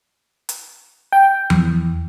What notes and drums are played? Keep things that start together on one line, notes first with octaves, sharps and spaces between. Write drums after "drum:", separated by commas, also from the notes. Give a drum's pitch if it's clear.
drum: hi-hat
G5
E2, drum: tom F3